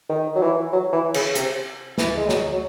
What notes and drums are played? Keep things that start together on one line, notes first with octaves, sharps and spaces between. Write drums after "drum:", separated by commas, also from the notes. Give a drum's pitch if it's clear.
D#3
F#3
E3
F#3
E3
C#3, drum: cymbal
C3, drum: hi-hat
E3, drum: snare
G#3
F#3, drum: snare
F#3